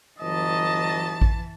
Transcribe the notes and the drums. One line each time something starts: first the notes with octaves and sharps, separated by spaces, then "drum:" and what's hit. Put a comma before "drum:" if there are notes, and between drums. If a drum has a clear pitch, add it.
G1 E3 F#3 D#5 A5
drum: kick A1